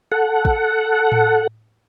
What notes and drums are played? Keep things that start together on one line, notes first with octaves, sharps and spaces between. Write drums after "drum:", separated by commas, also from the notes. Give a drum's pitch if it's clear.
A4 F#5
drum: kick
drum: tom A2